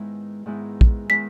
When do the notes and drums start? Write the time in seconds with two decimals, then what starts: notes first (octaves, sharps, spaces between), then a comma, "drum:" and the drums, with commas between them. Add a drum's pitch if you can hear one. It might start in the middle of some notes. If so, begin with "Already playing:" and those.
Already playing: G#2 D#3 G#3 B3 E4
0.46 G#2 D#3 G#3 B3 E4
0.81 drum: kick
1.10 D#3 G#3 B3 E4 B6